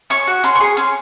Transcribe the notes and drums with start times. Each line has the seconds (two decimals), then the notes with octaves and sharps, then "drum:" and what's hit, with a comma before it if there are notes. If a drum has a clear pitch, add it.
0.10 C#4 C#6, drum: hi-hat
0.27 F#4
0.44 C#4 C6, drum: hi-hat
0.55 C#6
0.61 G#4 C6
0.77 C#4, drum: hi-hat